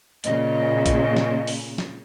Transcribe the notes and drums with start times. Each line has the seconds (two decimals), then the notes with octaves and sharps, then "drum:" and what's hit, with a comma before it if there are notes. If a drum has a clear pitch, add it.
0.24 A#2 C#3 D#5, drum: hi-hat
0.86 drum: kick, hi-hat
1.17 drum: snare
1.47 drum: open hi-hat
1.78 drum: snare